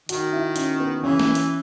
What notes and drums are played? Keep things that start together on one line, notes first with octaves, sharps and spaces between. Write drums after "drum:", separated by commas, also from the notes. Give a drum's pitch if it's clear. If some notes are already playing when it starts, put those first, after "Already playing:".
D#3 F#4, drum: hi-hat
E4
C#4, drum: hi-hat
B3
C#3 E3 C#4
drum: snare
drum: hi-hat